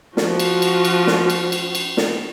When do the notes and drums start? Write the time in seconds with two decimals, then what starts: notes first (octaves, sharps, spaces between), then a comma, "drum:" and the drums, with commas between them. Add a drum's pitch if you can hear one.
0.17 F3 F#4, drum: snare
0.39 drum: cymbal
0.62 drum: cymbal
0.85 drum: cymbal
1.07 drum: snare
1.30 drum: cymbal
1.52 drum: cymbal
1.75 drum: cymbal
1.97 drum: snare